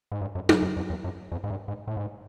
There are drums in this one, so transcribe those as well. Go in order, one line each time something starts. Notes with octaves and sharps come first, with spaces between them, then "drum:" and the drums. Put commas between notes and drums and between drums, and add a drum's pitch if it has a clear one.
G#2
G2
F#2
G2, drum: tom
F#2
F2
E2
F#2
F2
G#2
G2
G#2
A2
G#2